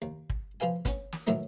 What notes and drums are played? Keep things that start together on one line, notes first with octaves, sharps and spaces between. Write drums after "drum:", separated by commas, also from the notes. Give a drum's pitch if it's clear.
D#2
drum: kick
F3 F4 B4 F5 G#5
B3 C#4, drum: kick, hi-hat
drum: snare
A2 D#3 E3 F#3 A3 B3